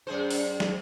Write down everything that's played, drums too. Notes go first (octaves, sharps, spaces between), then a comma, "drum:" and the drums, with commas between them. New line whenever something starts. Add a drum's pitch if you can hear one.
F#2 G#4 C5
drum: open hi-hat
drum: snare